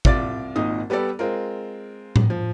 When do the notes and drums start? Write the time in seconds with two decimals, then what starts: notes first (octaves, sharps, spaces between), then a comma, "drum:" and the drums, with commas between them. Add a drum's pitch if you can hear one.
0.05 C2 F4 D5 D6 A6, drum: kick
0.56 G#1 A#2 D#4 D#6
0.90 G3 B3 G4 A4 D5
1.19 G#3 C4 F4 A#4
2.16 drum: tom A2
2.30 F3